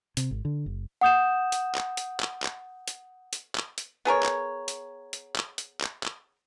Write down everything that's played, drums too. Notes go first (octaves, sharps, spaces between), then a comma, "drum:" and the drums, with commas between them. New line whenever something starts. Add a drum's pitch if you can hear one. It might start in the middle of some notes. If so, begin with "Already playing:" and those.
C3, drum: hi-hat
G#1
D3
F#1
F#5 D#6 G6 E7
drum: hi-hat
drum: clap
drum: hi-hat
drum: clap
drum: clap
drum: hi-hat
drum: hi-hat
drum: clap
drum: hi-hat
B3 G#4 A#4 C#5
drum: clap
drum: hi-hat
drum: hi-hat
drum: clap
drum: hi-hat
drum: clap
drum: clap